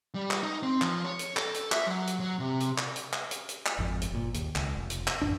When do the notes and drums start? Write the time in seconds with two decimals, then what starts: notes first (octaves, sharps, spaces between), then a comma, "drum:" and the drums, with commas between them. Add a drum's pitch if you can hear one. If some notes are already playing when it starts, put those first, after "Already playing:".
0.15 G3
0.31 drum: clap
0.43 D#4
0.63 C4
0.81 F3, drum: clap
1.04 C#5
1.19 drum: hi-hat
1.37 A4, drum: clap
1.54 drum: hi-hat
1.72 E5, drum: clap
1.87 F#3
2.07 drum: hi-hat
2.20 F#3
2.39 C3
2.60 drum: hi-hat
2.78 drum: clap
2.96 drum: hi-hat
3.13 drum: clap
3.31 drum: hi-hat
3.49 drum: hi-hat
3.66 drum: clap
3.79 G#1 F2
4.02 drum: hi-hat
4.12 G1 A#2
4.34 D#2, drum: hi-hat
4.56 C#2, drum: clap
4.76 F1
4.90 drum: hi-hat
5.07 drum: clap
5.22 A1 F#2 B2 D4